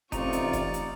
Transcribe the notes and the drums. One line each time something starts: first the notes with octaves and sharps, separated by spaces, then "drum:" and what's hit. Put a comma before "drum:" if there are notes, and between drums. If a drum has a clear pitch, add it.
A1 C3 D#4 F4 D5 A#5 C#6, drum: kick F1, hi-hat
drum: hi-hat
drum: kick F1, hi-hat
drum: hi-hat